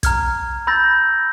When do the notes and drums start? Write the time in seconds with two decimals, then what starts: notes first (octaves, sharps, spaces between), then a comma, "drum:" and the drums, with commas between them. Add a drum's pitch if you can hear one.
0.03 A#5 F6 G#6, drum: kick, hi-hat
0.67 B5 E6 G6 A6 A#6